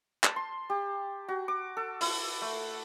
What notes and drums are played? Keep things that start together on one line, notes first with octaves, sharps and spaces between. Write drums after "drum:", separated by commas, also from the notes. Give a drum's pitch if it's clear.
A5, drum: clap
C6
G4
F#4
D6
A4
E4, drum: open hi-hat
A3